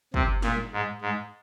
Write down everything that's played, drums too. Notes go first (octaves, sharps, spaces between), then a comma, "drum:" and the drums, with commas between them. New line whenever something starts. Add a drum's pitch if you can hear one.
C3, drum: kick
A#2, drum: snare
G#2
G#2